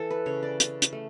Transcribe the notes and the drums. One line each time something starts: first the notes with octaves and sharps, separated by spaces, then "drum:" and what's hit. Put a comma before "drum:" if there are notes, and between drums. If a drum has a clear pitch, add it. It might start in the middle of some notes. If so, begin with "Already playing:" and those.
Already playing: E3 A4
B4
C#3 C#5
D5
C#3, drum: hi-hat
drum: hi-hat
A3